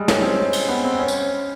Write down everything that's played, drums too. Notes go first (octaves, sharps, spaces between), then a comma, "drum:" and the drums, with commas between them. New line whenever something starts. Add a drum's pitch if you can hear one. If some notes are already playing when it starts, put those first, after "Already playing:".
Already playing: G3 G#3
C#4, drum: snare
C4
C#4
drum: cymbal
B3
C4
C#4
drum: tambourine